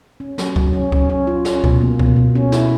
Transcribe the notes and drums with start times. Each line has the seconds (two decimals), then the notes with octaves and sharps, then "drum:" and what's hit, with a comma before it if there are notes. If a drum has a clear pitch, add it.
0.20 C#4
0.38 F#3, drum: snare
0.56 F#3, drum: kick C#2
0.73 C#4
0.92 C#4, drum: kick C#2
1.10 C#4
1.27 F4
1.45 C#4, drum: snare
1.64 B2, drum: kick C#2
1.81 A#3
1.99 B2, drum: kick C#2
2.16 B2
2.35 C#4
2.52 E4, drum: snare